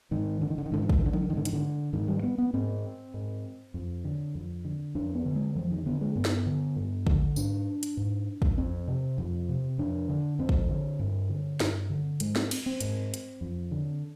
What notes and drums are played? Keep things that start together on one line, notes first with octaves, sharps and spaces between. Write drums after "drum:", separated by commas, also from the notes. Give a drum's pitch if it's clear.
G#2 D#3
D3
D#3
D3
D#3
G#2 D3
D#3
D3, drum: kick
D#3
D3
D#3, drum: tom
D3
D#3
G#2 D3
D#3, drum: hi-hat
D3
G#2 D#3
G3
B3
B3
G#2 C4
G#2
F2
D3
F2
D3
F2 D4
B3
D3
G#3
F2 F3
D#3
D3 B3
G#3
G2 B3
drum: snare
D3
G2
D3, drum: kick
G#2 D4, drum: tambourine
drum: hi-hat
G#2
drum: kick
F2 C4
C3
F2
C3
F2 D4
D3
F2 C4
drum: kick
D3
G2
D3
G2, drum: snare
D3
G#2 G#3, drum: hi-hat
C4, drum: snare
drum: cymbal
C4
G#2, drum: hi-hat
drum: hi-hat
F2
D3